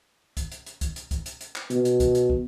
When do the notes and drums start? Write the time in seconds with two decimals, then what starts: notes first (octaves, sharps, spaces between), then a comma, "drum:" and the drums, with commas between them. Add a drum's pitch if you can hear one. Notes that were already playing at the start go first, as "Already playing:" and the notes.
0.37 drum: kick, hi-hat
0.52 drum: hi-hat
0.66 drum: hi-hat
0.81 drum: kick, hi-hat
0.96 drum: hi-hat
1.11 drum: kick, hi-hat
1.26 drum: hi-hat
1.41 drum: hi-hat
1.56 drum: clap
1.70 B2, drum: hi-hat
1.85 drum: hi-hat
2.00 drum: kick, hi-hat
2.15 drum: hi-hat
2.30 drum: kick